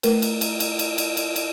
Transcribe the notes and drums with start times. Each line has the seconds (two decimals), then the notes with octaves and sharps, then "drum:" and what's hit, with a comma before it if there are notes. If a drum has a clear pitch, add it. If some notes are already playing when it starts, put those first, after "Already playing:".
0.03 A3 A#4 B4, drum: cymbal
0.22 drum: cymbal
0.41 drum: cymbal
0.60 drum: cymbal
0.79 drum: cymbal
0.98 drum: cymbal
1.17 drum: cymbal
1.36 drum: cymbal